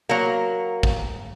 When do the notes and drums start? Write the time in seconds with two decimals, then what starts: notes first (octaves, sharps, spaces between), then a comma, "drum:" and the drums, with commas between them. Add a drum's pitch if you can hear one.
0.09 F#3 A#3
0.83 drum: kick